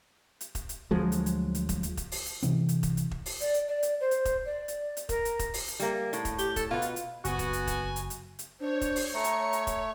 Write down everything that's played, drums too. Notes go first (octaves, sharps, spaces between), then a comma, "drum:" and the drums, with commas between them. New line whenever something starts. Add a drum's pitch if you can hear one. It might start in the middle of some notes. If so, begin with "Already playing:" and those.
drum: hi-hat
drum: kick E1, hi-hat
drum: hi-hat
D2 F3 F#3 G#3
drum: hi-hat
drum: hi-hat
drum: hi-hat
drum: kick E1, hi-hat
drum: hi-hat
drum: kick E1, hi-hat
drum: open hi-hat
drum: hi-hat
C3 E3 C4, drum: hi-hat
drum: hi-hat
drum: kick E1, hi-hat
drum: hi-hat
drum: kick E1
drum: open hi-hat
D5, drum: hi-hat
drum: hi-hat
D5
drum: hi-hat
C5
drum: hi-hat
drum: kick E1, hi-hat
D5
drum: hi-hat
drum: hi-hat
A#4, drum: kick E1, hi-hat
drum: hi-hat
drum: kick E1, hi-hat
drum: open hi-hat
drum: hi-hat
G3 A#3, drum: hi-hat
A2, drum: hi-hat
drum: kick E1, hi-hat
G4, drum: hi-hat
A4, drum: kick E1, hi-hat
B2 F4 B4
drum: hi-hat
drum: hi-hat
F#1 B3 F#4 G#5, drum: hi-hat
drum: kick E1, hi-hat
drum: hi-hat
drum: kick E1, hi-hat
drum: hi-hat
drum: hi-hat
drum: hi-hat
D4 C5 C#5
drum: kick E1, hi-hat
drum: open hi-hat
A3 A#5 C#7
drum: hi-hat
drum: hi-hat
drum: kick E1, hi-hat